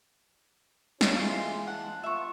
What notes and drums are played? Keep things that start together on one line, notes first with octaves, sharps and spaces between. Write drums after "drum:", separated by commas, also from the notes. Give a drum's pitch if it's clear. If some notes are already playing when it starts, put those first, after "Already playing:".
D4 F#4 C#5, drum: snare
E3 G#3 F4 C6
F#5 A5
B3 F4 E5 C#6